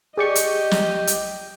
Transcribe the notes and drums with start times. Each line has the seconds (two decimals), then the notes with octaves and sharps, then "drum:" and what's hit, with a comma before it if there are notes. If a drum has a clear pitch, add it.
0.17 G4 G#4 D5 D#5 C#6
0.35 drum: hi-hat
0.71 drum: snare
1.07 drum: hi-hat